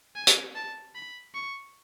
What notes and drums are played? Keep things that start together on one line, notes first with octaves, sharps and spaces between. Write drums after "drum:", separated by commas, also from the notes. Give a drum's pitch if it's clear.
G#5
drum: hi-hat
A5
B5
C#6